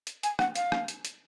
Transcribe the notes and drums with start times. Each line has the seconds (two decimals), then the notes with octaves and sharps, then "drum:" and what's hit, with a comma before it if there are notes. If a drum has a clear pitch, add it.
0.07 drum: hi-hat
0.23 G#5, drum: hi-hat
0.39 F#5, drum: rim click
0.55 F5, drum: hi-hat
0.72 drum: rim click
0.88 drum: hi-hat
1.05 drum: hi-hat